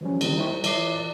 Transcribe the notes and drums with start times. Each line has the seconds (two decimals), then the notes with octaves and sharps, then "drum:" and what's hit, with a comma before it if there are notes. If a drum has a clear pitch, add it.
0.01 E3 F3 G3 C#4
0.21 D3 D#3 G3 A#3 C4 C#4, drum: cymbal
0.36 D#4 E4 C5 E5 G5 C#6
0.50 G3
0.64 E3 C#5 E5 D6 C7, drum: cymbal
0.96 D5